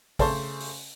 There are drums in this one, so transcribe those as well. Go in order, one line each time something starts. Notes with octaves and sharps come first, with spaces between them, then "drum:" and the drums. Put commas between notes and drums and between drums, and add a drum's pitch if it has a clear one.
C#3 A3 C5 A5 C6 C#6, drum: kick A1, open hi-hat
drum: open hi-hat